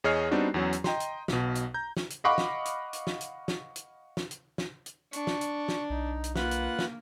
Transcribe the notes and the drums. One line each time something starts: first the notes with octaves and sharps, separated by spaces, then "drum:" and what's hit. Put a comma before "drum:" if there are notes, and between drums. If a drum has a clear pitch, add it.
E2 G#4 C#5 D#5 F6 C7
G3 B3 C4 D4 D#4 F#4
E2 F#3 C#4
drum: hi-hat
D#5 G5 A#5 C6, drum: snare
drum: hi-hat
B1 B2, drum: snare
drum: hi-hat
A#5 G6
drum: snare
drum: hi-hat
D#5 F5 F#5 B5 C#6 D6
drum: snare
drum: hi-hat
drum: hi-hat
drum: snare
drum: hi-hat
drum: snare
drum: hi-hat
drum: snare
drum: hi-hat
drum: snare
drum: hi-hat
D4 C#6, drum: hi-hat
drum: snare
drum: hi-hat
drum: snare
B1 D#4
drum: hi-hat
A#3 F4 B4 F#5, drum: snare
drum: hi-hat
drum: snare